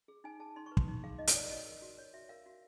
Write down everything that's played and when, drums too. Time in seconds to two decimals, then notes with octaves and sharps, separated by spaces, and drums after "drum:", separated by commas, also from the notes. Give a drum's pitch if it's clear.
0.08 G#4
0.24 D#4 G#5
0.40 G#4 A5
0.56 D#4 C6
0.66 C#6
0.72 B4
0.77 C6, drum: kick
0.88 D#4
1.03 G#4 F5
1.19 D#4 D#5
1.27 C#5, drum: hi-hat
1.35 B4 D5
1.50 F#4 D#5
1.66 A#4
1.82 F#4
1.98 C#5
2.14 F#4 E5
2.29 A#4 F5
2.46 F#4